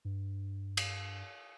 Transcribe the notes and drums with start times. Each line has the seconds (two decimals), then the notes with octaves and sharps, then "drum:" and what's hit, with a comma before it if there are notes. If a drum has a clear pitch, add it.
0.05 G2
0.77 drum: cymbal